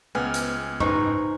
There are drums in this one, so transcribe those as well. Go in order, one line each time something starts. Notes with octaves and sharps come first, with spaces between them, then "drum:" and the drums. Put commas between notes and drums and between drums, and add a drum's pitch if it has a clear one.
C#2 B3 G#5 F6
drum: hi-hat
D#4 B4 C5 C#6, drum: tom G#2